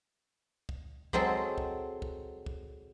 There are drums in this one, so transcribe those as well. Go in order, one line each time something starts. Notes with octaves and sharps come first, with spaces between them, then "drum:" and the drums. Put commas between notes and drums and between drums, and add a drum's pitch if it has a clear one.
drum: kick
F#3 G#3 C4 A4, drum: kick
drum: kick
drum: kick
drum: kick